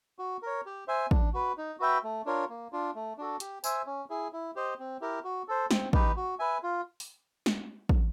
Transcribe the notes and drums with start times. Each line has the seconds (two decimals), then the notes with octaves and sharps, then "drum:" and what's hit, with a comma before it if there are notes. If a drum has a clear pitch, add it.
0.19 F#4
0.42 A#4 C#5
0.66 G4
0.88 C5 E5 G#5
1.11 D4, drum: kick
1.34 F#4 B4
1.58 D#4
1.79 F#4 B4 E5 G5
2.03 A3
2.25 D4 F4 A#4 C#5
2.49 A#3
2.73 D4 F4
2.95 A3
3.18 D4 F#4 A4
3.40 G4, drum: hi-hat
3.64 C5 E5 G#5, drum: tambourine
3.86 C#4
4.09 E4 G#4
4.33 E4
4.55 G4 C5 D#5
4.79 C4
5.01 E4 G4 A#4
5.24 F#4
5.48 A4 C5
5.71 C4, drum: snare G#3
5.93 D#4 G4 B4, drum: kick
6.16 F#4
6.39 B4 E5 G#5
6.63 F4
7.00 drum: open hi-hat
7.46 drum: snare G#3
7.89 drum: kick